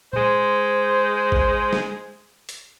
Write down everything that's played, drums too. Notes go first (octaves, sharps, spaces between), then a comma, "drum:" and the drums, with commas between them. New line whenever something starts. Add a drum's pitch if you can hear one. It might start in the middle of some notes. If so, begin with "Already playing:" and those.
G#3 C5, drum: tom A#2
drum: kick
drum: snare
drum: hi-hat